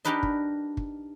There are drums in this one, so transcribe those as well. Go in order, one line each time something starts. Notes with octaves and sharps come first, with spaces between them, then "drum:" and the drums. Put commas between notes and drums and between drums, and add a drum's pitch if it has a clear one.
D4 D#4 G4 A#4 B4 D#5
drum: kick
drum: kick